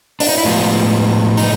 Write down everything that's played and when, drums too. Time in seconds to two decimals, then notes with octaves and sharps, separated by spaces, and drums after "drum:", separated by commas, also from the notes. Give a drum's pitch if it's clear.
0.20 D4, drum: open hi-hat
0.29 D#4
0.38 E4
0.45 A2 F3 G#3 B3 F4
1.37 D#4, drum: open hi-hat